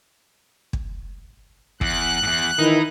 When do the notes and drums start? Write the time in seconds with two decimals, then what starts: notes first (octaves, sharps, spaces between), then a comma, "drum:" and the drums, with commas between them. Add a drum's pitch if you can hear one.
0.73 drum: kick
1.81 E2 F#6, drum: kick
2.23 E2 G#2
2.59 D#3 E3 D#4 E4